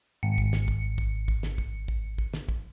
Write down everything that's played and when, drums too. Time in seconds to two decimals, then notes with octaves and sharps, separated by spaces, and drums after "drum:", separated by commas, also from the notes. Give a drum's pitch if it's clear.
0.23 G#1 C#7
0.38 drum: kick
0.53 drum: snare
0.68 drum: kick
0.98 drum: kick
1.28 drum: kick
1.43 drum: snare
1.58 drum: kick
1.88 drum: kick
2.18 drum: kick
2.34 drum: snare
2.49 drum: kick